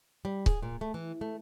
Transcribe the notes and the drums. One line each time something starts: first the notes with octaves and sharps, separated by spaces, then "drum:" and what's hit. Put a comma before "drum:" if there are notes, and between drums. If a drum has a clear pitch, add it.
G3
G#4, drum: kick C#1
A#2
A3
E3
A3